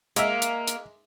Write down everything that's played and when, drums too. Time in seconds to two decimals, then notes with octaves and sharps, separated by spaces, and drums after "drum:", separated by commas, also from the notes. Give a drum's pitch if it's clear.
0.16 G#3 A#3 E5, drum: hi-hat
0.42 drum: hi-hat
0.68 drum: hi-hat